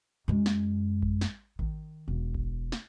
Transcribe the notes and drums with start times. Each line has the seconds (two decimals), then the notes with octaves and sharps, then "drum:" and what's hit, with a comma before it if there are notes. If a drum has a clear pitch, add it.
0.28 F#2 G#3
0.46 drum: snare
1.03 drum: kick A1
1.21 drum: snare
1.59 D#3, drum: kick A1
2.08 E1
2.35 drum: kick A1
2.72 drum: snare